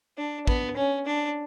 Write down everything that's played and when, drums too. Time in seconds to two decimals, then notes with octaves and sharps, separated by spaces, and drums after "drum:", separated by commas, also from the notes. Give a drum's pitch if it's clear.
0.17 D4
0.47 B3, drum: kick
0.77 C#4
1.06 D4